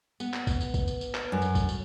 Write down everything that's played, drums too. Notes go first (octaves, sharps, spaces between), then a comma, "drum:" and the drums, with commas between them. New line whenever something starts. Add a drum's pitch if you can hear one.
B3, drum: tambourine
drum: clap
drum: kick G#1, tambourine
drum: tambourine
drum: kick G#1, tambourine
drum: tambourine
drum: tambourine
drum: clap
F#2
drum: tambourine
drum: kick G#1, tambourine
drum: tambourine